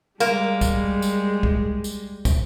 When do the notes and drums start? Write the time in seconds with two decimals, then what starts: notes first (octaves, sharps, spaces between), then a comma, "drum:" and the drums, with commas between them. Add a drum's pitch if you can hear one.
0.20 G3 G#3 A#3, drum: tambourine
0.61 drum: kick, tambourine
1.02 drum: tambourine
1.43 drum: kick
1.84 drum: tambourine
2.25 drum: kick, tambourine